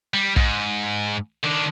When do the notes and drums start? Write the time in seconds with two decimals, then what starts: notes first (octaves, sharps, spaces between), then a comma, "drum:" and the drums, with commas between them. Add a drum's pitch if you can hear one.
0.14 G3
0.36 G#2, drum: kick
1.43 D#3 D4